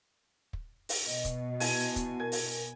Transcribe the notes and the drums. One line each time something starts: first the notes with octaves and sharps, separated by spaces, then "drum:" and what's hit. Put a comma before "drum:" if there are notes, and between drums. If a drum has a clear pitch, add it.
drum: kick
drum: open hi-hat
B2 D#5
drum: kick, hi-hat
E4 F#4 G#5 A5, drum: open hi-hat
drum: kick, hi-hat
A#4 G#5
drum: open hi-hat